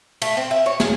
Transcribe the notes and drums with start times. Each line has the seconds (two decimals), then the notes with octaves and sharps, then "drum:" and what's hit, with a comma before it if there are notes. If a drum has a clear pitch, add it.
0.22 A3, drum: cymbal
0.37 C4
0.51 E5
0.66 C#5
0.80 G#4, drum: snare